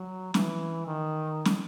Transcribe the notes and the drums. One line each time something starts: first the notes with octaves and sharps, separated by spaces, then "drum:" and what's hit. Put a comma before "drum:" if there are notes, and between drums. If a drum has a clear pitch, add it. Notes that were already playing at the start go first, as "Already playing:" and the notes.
Already playing: F#3
E3, drum: snare
D#3
drum: snare